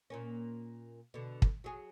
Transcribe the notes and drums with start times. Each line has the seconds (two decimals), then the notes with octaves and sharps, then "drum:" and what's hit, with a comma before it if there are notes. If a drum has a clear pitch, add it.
0.10 A#2 A#3 C#4
1.14 B2 D3
1.42 drum: kick
1.64 F#3 G#4